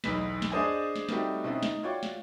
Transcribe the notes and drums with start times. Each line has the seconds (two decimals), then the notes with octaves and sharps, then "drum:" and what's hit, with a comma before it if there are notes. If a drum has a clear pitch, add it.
0.04 B1 E2 D#4 B4 B6, drum: snare
0.42 drum: snare
0.52 D4 G#4 C5 D5 D#5 G#5
0.96 drum: snare
1.09 G3 A3 C4 D#4 F#4 G4, drum: snare
1.44 B2 C4 C#4 D#4 E4
1.63 D#4, drum: snare
1.83 F4 F#4 C#5 D5 G5 C#6
2.03 drum: snare